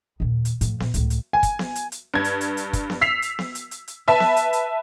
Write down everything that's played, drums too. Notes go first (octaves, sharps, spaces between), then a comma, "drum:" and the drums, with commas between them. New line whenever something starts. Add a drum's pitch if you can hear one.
D#2 A#2
drum: hi-hat
A2 F3, drum: hi-hat
A#2, drum: snare B3
C#2 A2, drum: hi-hat
drum: hi-hat
G#5
drum: kick, hi-hat
drum: snare B3
drum: hi-hat
drum: hi-hat
G2 G#6
drum: hi-hat
drum: hi-hat
drum: hi-hat
drum: kick, hi-hat
drum: snare B3
E6 B6 C7 F7
drum: hi-hat
drum: snare B3
drum: hi-hat
drum: hi-hat
drum: hi-hat
B4 E5 A5
drum: snare B3
drum: hi-hat
drum: hi-hat